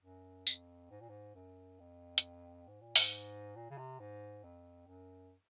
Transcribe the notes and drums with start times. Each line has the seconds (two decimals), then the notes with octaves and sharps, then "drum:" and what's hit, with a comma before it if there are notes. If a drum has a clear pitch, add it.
0.03 F#2
0.47 F2, drum: tambourine
0.91 G#2
1.01 A#2
1.09 G#2
1.35 F#2
1.80 F2
2.18 drum: hi-hat
2.68 G#2
2.81 A#2
2.96 G#2, drum: open hi-hat
3.56 A#2
3.71 C#3
3.78 C3
4.00 G#2
4.44 F2
4.87 F#2